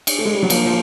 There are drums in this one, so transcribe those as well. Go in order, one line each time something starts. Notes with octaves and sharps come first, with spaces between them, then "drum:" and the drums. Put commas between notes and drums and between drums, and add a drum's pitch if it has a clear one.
drum: cymbal
A3
G#3
G3
F#3
F3 A#3, drum: cymbal
F3